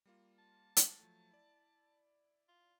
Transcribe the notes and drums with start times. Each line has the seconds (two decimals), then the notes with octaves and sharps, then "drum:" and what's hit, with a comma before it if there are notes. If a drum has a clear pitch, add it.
0.05 G3 A#3 F4
0.39 A5
0.77 drum: hi-hat
1.00 F3 F#3 A3
1.31 E4 D5
2.49 F4